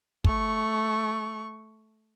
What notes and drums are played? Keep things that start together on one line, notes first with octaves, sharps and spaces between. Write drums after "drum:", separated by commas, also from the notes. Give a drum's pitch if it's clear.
A3 C#6, drum: kick